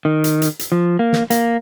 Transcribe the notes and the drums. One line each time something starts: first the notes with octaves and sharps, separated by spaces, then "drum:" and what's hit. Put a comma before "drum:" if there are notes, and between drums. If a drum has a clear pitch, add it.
D#3
drum: hi-hat
drum: hi-hat
drum: hi-hat
F3
A#3
drum: snare
A#3, drum: hi-hat